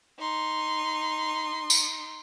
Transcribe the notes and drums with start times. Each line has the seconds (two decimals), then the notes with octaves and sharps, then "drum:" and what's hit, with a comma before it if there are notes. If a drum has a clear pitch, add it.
0.19 D#4 C6
1.70 drum: tambourine